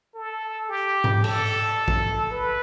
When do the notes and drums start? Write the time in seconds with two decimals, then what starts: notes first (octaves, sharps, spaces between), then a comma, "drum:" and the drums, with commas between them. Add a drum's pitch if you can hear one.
0.15 A4
0.69 G4
1.04 drum: tom G#2
1.24 A4, drum: cymbal
1.88 drum: kick
2.31 B4